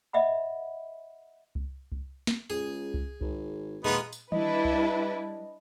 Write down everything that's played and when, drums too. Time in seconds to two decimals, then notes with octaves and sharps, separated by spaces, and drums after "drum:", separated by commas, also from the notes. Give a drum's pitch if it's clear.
0.13 D#5 E5 F#5 B5
1.55 drum: kick C2
1.92 drum: kick C2
2.27 drum: snare
2.50 C#2 G#4
2.94 drum: kick C2
3.21 G#1, drum: kick C2
3.85 D#2 G#3 B3 D#4 F4, drum: tom A#2
4.13 drum: tambourine
4.32 G3 D4 E4 B4 D#5, drum: tom D#3
4.65 drum: kick C2